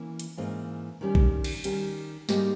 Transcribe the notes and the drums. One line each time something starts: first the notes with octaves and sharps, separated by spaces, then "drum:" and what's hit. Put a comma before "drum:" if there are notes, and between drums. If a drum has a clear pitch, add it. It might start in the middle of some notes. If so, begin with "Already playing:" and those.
Already playing: E3 A#3 C#4
drum: hi-hat
G#2 E3 A#3 C#4
D#3 G3 C#4 G4
drum: kick A#1
drum: cymbal
D#3 G3 C#4 G4, drum: hi-hat
G#2 G3 A#3 D#4 G4, drum: snare